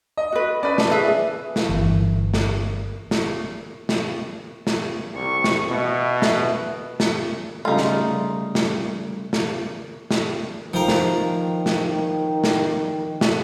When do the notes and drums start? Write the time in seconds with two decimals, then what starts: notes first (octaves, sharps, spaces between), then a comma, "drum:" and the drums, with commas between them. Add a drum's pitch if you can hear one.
0.17 D#5
0.32 F#4 B4
0.63 C#4 B4 D5
0.78 A5, drum: snare
0.91 G#4 B4 E5
1.56 drum: snare
1.69 G1 E3
2.34 drum: snare
3.11 drum: snare
3.89 drum: snare
4.67 drum: snare
5.15 C2 C#6
5.44 drum: snare
5.68 B2 E5
6.22 drum: snare
7.00 drum: snare
7.65 C#3 G3 A3 D#4 F4
7.77 drum: snare
8.55 drum: snare
9.33 drum: snare
10.11 drum: snare
10.74 D#3 F3 A#4
10.88 drum: snare
11.66 drum: snare
12.44 drum: snare
13.21 drum: snare